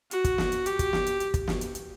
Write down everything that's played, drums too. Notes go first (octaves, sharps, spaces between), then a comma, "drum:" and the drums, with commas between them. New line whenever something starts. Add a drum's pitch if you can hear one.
F#4, drum: hi-hat
drum: kick, hi-hat
drum: snare
drum: hi-hat
G4, drum: hi-hat
drum: kick, hi-hat
drum: snare
drum: hi-hat
drum: hi-hat
drum: kick, hi-hat
drum: snare
drum: hi-hat
drum: hi-hat